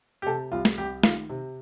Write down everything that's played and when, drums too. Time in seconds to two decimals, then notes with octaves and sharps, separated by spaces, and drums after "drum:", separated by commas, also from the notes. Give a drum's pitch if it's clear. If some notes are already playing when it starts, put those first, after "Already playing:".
0.22 G4
0.26 C3 A4
0.52 C2 F4
0.65 drum: snare
0.78 C2 G4
1.04 D#3 F4, drum: snare
1.29 C3